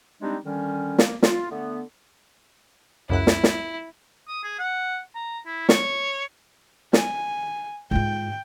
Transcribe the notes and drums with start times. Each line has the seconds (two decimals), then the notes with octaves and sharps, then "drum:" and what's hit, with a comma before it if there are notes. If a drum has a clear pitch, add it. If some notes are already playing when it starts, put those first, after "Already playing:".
0.22 G3 G#3 C4 D4 D#4
0.45 D3 D#3 G3 C#4
0.98 A#3, drum: snare
1.23 F4, drum: snare
1.50 D3 A3 B3
3.10 C#2 F#2 E4 F#6
3.27 drum: snare
3.44 drum: snare
4.28 D#6
4.43 G#4
4.59 F#5
5.15 A#5
5.46 E4
5.69 C#5, drum: snare
6.93 G#5, drum: snare
7.91 G#2 F4 G5